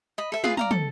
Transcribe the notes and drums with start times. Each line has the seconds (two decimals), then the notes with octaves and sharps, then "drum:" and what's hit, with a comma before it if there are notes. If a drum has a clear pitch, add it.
0.18 D#5 B5
0.32 A4 E5
0.44 F4 G#4 B4, drum: snare
0.57 D5 F5 A#5, drum: tom
0.71 A4, drum: tom